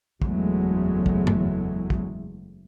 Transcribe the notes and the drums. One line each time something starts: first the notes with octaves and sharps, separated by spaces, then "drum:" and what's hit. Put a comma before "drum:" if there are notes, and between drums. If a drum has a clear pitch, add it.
F#1 E2 F#3 G#3 A3, drum: kick
drum: kick
drum: tom
drum: kick